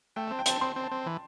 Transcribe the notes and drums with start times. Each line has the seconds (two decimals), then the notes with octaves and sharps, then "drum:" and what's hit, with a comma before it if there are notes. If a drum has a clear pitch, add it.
0.16 A3 G5
0.27 A5
0.31 C4
0.39 G5
0.46 C4 A5, drum: hi-hat
0.61 C4 C6
0.76 C4
0.83 A5
0.91 C4
1.06 E3